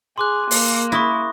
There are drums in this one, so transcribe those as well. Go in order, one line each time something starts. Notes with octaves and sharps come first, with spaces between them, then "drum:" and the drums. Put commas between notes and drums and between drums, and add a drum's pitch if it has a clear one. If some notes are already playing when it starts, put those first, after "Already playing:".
G#4 C6 D6 F#6
A#3, drum: open hi-hat
E4 C#6 D#6 A#6